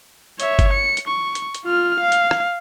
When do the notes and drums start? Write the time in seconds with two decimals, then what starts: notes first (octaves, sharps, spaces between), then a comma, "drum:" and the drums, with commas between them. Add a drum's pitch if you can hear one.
0.40 C#5 E5, drum: hi-hat
0.59 drum: kick G1, hi-hat
0.73 C#7
0.97 drum: hi-hat
1.08 C#6
1.35 drum: hi-hat
1.55 drum: hi-hat
1.65 F4 F6
2.00 F5
2.12 drum: hi-hat
2.31 drum: rim click